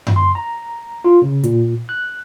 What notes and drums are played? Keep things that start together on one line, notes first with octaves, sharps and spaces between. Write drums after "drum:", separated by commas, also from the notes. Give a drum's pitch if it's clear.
drum: tom F#2
C6
A#5
F4
C#3
A#2, drum: hi-hat
F#6